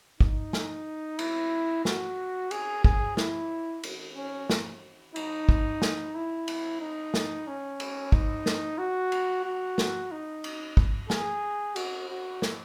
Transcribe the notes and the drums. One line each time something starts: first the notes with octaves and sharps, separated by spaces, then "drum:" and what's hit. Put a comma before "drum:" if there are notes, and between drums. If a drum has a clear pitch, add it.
D#4, drum: kick
drum: snare
E4, drum: cymbal
F#4, drum: snare
G#4, drum: cymbal
G#4, drum: kick
E4, drum: snare
drum: cymbal
C#4
drum: snare
D#4, drum: cymbal
drum: kick
drum: snare
E4
drum: cymbal
D#4
drum: snare
C#4
drum: cymbal
D#4, drum: kick
drum: snare
F#4
drum: cymbal
F#4
drum: snare
D#4
drum: cymbal
drum: kick
G#4, drum: snare
F#4, drum: cymbal
F#4
drum: snare